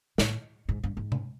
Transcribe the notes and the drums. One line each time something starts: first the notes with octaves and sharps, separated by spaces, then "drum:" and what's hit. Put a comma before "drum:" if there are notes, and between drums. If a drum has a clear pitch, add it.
A2, drum: snare
G#2
G2
G#2
drum: tom C3